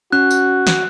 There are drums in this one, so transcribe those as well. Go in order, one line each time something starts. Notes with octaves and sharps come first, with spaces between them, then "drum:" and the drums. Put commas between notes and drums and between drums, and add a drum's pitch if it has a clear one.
C#4 F#4 F#6
drum: tambourine
drum: snare